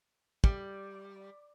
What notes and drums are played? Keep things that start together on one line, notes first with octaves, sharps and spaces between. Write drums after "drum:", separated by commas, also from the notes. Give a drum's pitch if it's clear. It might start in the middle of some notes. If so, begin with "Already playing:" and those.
G3, drum: kick